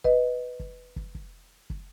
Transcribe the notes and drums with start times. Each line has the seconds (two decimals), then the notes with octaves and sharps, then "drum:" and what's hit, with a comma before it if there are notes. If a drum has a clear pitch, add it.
0.04 B4 D#5, drum: kick
0.60 drum: kick
0.96 drum: kick
1.15 drum: kick
1.70 drum: kick